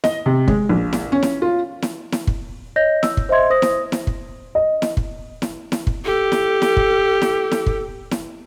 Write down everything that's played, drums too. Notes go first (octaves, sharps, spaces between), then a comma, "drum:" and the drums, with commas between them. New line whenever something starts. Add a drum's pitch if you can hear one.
D#5, drum: snare E4
C3
G#3, drum: kick
A#1
drum: snare E4
C#4
drum: snare E4
F4
drum: snare E4
drum: snare E4
drum: kick
C#5 D#5 G6 A#6
E6, drum: snare E4
drum: kick
C5 D#5 E5 C6 G#6
C5 D#6 A#6
drum: snare E4
drum: snare E4
drum: kick
D#5
drum: snare E4
drum: kick
drum: snare E4
drum: snare E4
drum: kick
G4 A4
drum: snare E4
drum: snare E4
drum: kick
drum: snare E4
drum: snare E4
drum: kick
drum: snare E4